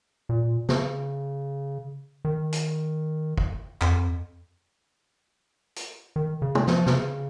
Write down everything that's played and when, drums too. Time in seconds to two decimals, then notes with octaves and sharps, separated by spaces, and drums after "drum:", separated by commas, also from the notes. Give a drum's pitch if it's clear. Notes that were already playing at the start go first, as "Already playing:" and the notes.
0.29 A#2
0.69 C#3, drum: snare
2.25 D#3
2.52 drum: hi-hat
3.38 drum: kick
3.81 F2, drum: clap
5.76 drum: hi-hat
6.16 D#3
6.42 C#3
6.55 drum: tom
6.67 F3, drum: snare
6.86 C3, drum: snare
6.94 C#3